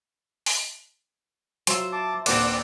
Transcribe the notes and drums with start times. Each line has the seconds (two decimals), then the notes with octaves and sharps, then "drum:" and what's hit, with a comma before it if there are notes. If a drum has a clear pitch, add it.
0.46 drum: open hi-hat
1.67 F#3 F4 C5 E5, drum: hi-hat
1.92 A5 D6
2.26 D#2 A#2 C4 D4 C5 D5 F#5 D6, drum: cymbal